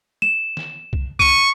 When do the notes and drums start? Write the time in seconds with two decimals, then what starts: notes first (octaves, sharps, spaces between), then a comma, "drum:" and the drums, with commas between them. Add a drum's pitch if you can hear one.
0.22 E7
0.57 drum: snare
0.93 drum: kick
1.20 C#6 D#7, drum: kick